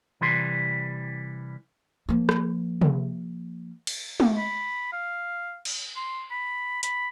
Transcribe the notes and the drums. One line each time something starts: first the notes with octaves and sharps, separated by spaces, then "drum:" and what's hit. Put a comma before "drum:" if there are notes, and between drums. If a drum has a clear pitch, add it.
C3 E3 G3 C6
F3 A#3
drum: rim click
drum: tom C3
drum: cymbal
drum: tom G#3
B5
F5
drum: cymbal
C6
B5
B5, drum: hi-hat